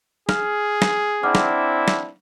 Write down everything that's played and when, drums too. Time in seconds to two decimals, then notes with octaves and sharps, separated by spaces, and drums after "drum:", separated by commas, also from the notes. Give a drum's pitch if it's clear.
0.29 G#4 F6, drum: snare
0.82 drum: snare
1.23 C4 D4 E4 F#5 D6 F6
1.35 drum: snare
1.88 drum: snare